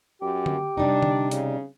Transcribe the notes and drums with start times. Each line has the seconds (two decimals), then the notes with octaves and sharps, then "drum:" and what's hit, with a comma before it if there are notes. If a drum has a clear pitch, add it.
0.22 F#2 G4
0.46 drum: tom D3
0.77 C3 G3 D4 D#4
1.03 drum: tom D3
1.31 C#3, drum: hi-hat